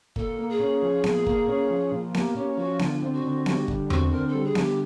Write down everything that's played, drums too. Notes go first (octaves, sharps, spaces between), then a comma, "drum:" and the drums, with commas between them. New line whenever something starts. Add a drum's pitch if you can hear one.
A#2 A4, drum: kick G1
A#3
G#4
C#4
F3
A#2, drum: snare B3
A#3, drum: kick G1
C#4
F3
A#2
A#3 G4, drum: snare B3
C#4 G4
G4
F3 F#4
D3 F4, drum: snare B3
C4
F#4
D3
G3 F#4, drum: snare B3
D3, drum: kick G1
C4 F#4, drum: tom E2
D3 A#4
A4
G3
G#4
D3, drum: snare B3
G4